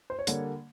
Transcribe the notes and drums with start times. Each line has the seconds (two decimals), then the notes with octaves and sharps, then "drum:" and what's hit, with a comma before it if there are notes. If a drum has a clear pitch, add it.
0.10 C5
0.19 C#5
0.27 D3 G3 A#3, drum: hi-hat